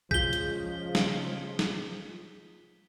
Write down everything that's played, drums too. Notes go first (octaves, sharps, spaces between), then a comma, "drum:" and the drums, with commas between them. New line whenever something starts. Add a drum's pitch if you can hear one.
C#3 F3 G#3 F4 G#4 G6 B6 G7, drum: kick A#1
drum: hi-hat
drum: snare
drum: snare